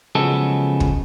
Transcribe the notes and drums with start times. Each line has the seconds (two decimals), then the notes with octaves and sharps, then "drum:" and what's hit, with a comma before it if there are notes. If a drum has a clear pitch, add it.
0.15 C#3 F3 F#3 G#3 B3 A4
0.80 drum: kick